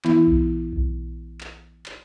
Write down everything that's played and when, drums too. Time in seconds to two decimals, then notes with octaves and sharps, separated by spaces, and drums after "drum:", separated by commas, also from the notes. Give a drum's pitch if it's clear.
0.05 E3 B3 E4, drum: clap
0.27 drum: kick B1
0.73 drum: kick B1
1.41 drum: clap
1.86 drum: clap